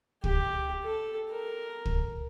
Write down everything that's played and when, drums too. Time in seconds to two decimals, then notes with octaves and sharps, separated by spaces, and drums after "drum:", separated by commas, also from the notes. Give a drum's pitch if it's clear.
0.24 G4, drum: kick
0.84 A4
1.31 A#4
1.86 drum: kick